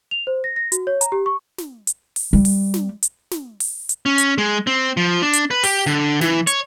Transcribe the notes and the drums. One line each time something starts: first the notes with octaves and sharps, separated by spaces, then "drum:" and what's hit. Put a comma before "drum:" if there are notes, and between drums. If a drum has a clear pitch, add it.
F7
C5
A#6
A#6
F#4, drum: hi-hat
C#5
A#5, drum: hi-hat
G4
C#6
drum: snare
drum: hi-hat
drum: open hi-hat
G3
drum: open hi-hat
drum: snare
drum: hi-hat
drum: snare
drum: open hi-hat
drum: hi-hat
C#4
drum: hi-hat
G#3
C4
F3
D4
drum: hi-hat
B4
G4, drum: open hi-hat
D3
E3, drum: snare
C#5, drum: hi-hat